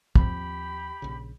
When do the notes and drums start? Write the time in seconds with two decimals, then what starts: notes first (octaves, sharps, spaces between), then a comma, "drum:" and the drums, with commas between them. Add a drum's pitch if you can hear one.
0.16 D#2 F3 C4 G4 B5, drum: kick
1.02 A#1 C#3